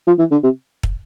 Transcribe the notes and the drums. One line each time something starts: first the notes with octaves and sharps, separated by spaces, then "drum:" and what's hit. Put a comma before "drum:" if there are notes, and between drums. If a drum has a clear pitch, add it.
F3
E3
D3
C3
drum: kick